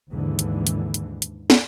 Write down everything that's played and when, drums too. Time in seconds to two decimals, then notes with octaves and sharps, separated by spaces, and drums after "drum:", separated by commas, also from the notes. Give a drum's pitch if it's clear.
0.11 D#2 G#2 D3 E3
0.39 drum: hi-hat
0.67 drum: hi-hat
0.94 drum: hi-hat
1.22 drum: hi-hat
1.50 drum: snare